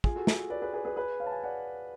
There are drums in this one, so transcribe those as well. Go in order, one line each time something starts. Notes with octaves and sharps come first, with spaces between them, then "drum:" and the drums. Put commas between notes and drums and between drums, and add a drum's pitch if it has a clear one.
F4 G#4, drum: kick
F#4 A4
drum: snare
B4 D5
G#4 B4
G#4 B4
G#4 B4
G#4 B4
C#5 F5
A5
F5 G#5
D5 F#5